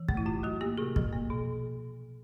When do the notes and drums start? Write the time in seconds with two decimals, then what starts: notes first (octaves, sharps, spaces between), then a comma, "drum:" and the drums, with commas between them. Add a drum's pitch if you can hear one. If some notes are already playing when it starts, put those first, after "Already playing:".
Already playing: E3
0.09 A3, drum: kick
0.17 E4
0.26 A2 F4
0.43 F#3 F#4
0.61 A#3 G4
0.78 C3 G#4
0.96 F3, drum: kick
1.13 A#3
1.30 B2